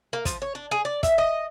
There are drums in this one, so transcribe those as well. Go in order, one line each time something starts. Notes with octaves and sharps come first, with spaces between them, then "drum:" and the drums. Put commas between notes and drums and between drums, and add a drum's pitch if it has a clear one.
A#3
F3, drum: kick, hi-hat
C#5
D4
G#4
D5
E5, drum: kick, hi-hat
D#5